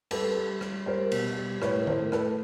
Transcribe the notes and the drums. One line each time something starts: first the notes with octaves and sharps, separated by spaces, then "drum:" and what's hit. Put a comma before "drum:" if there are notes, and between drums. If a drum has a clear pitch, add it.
G3 A4 B4, drum: cymbal
G3
G3, drum: rim click
G3 A#4 C5
B2, drum: cymbal
G3
A2 B4 C#5, drum: rim click
A3 A#4 C5, drum: tom D#3
A3 A4 B4, drum: rim click